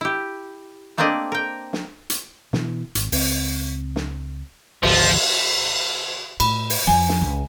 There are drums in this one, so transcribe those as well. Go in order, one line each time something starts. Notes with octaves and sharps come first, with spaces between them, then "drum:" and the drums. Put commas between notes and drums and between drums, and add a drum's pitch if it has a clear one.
E4 G4
A3 A#3 C4 D4 D5 D#5
A#4 G5
drum: snare
drum: hi-hat
B2 E3, drum: snare
G#1, drum: hi-hat
C#2 C4, drum: open hi-hat
drum: snare
G#1 D2 F3, drum: cymbal
A2 B5, drum: cymbal
drum: open hi-hat
F2 F3 G#5
drum: snare
C#2 C#3